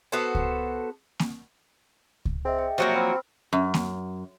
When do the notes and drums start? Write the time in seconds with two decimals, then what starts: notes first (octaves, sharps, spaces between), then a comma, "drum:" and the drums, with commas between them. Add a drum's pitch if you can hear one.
0.12 B3 F#4 A4 C5
0.35 drum: kick C#2
1.19 drum: snare A#3
2.25 drum: kick C#2
2.45 C4 G#4 D#5 E5
2.59 G5
2.78 C3 F3 F#3 A#3 F#4
2.95 C4 B5 E6 F6
3.53 F#2
3.74 drum: snare A#3